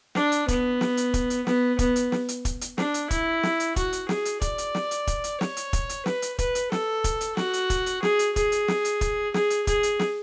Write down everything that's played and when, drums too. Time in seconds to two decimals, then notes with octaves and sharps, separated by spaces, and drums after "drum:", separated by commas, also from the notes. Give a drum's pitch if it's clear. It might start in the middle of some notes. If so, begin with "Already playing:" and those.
0.15 D4, drum: snare
0.32 drum: hi-hat
0.48 B3, drum: kick, hi-hat
0.81 drum: snare
0.97 drum: hi-hat
1.14 drum: kick, hi-hat
1.30 drum: hi-hat
1.47 B3, drum: snare
1.79 B3, drum: kick, hi-hat
1.96 drum: hi-hat
2.12 drum: snare
2.29 drum: hi-hat
2.45 drum: kick, hi-hat
2.61 drum: hi-hat
2.78 D4, drum: snare
2.94 drum: hi-hat
3.11 E4, drum: kick, hi-hat
3.43 drum: snare
3.60 drum: hi-hat
3.76 F#4, drum: kick, hi-hat
3.93 drum: hi-hat
4.09 G#4, drum: snare
4.25 drum: hi-hat
4.41 D5, drum: kick, hi-hat
4.58 drum: hi-hat
4.75 drum: snare
4.91 drum: hi-hat
5.07 drum: kick, hi-hat
5.24 drum: hi-hat
5.41 C#5, drum: snare
5.57 drum: hi-hat
5.73 drum: kick, hi-hat
5.89 drum: hi-hat
6.06 B4, drum: snare
6.22 drum: hi-hat
6.39 B4, drum: kick, hi-hat
6.55 drum: hi-hat
6.72 A4, drum: snare
7.04 drum: kick, hi-hat
7.21 drum: hi-hat
7.37 F#4, drum: snare
7.53 drum: hi-hat
7.70 drum: kick, hi-hat
7.86 drum: hi-hat
8.03 G#4, drum: snare
8.19 drum: hi-hat
8.36 G#4, drum: kick, hi-hat
8.52 drum: hi-hat
8.68 drum: snare
8.85 drum: hi-hat
9.01 drum: kick, hi-hat
9.34 G#4, drum: snare
9.50 drum: hi-hat
9.67 G#4, drum: kick, hi-hat
9.83 drum: hi-hat
9.99 drum: snare